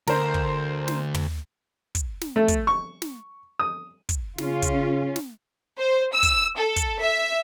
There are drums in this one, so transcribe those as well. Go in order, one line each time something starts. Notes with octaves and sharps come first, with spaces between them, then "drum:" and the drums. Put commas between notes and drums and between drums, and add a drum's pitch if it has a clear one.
D2 A#4 C5, drum: snare
drum: kick
drum: snare
drum: tom
drum: kick, hi-hat
drum: snare
A3
drum: kick, hi-hat
C#6
drum: snare
D#6
drum: kick, hi-hat
C#3 C#4 F4, drum: snare
drum: kick, hi-hat
drum: snare
C5
E6
drum: kick, hi-hat
A4
drum: kick, hi-hat
E5